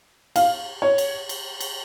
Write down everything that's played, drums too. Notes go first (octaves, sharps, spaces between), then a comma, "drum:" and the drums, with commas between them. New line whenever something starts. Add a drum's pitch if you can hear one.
F5, drum: cymbal
C#5
drum: cymbal
drum: cymbal
drum: cymbal